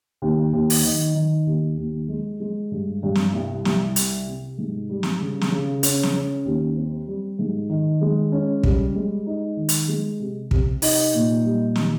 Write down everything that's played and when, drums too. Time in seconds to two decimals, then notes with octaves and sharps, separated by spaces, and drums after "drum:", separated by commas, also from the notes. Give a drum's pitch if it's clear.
0.22 D#2
0.53 D#2
0.70 drum: open hi-hat
0.84 D#3
1.15 D#3
1.47 D#2
1.77 D#2
2.08 G#3
2.40 G#3
2.71 G2
3.03 G2
3.15 drum: snare
3.33 C2
3.65 C2, drum: snare
3.96 C3, drum: hi-hat
4.26 C3
4.58 G#2
4.89 G3
5.03 drum: snare
5.20 C#3
5.41 drum: snare
5.51 C#3
5.83 C#4, drum: hi-hat
6.03 drum: snare
6.14 C#4
6.45 D#2
6.77 C4
7.07 G3
7.39 G#2
7.69 D#3
8.01 G#3
8.32 C#4
8.63 G3, drum: kick
8.95 G#3
9.26 D#4
9.57 D#3
9.69 drum: hi-hat
9.88 G#3
10.20 C3
10.51 C3, drum: kick
10.82 D#4, drum: open hi-hat
11.13 A#2
11.44 G3
11.75 D#3, drum: snare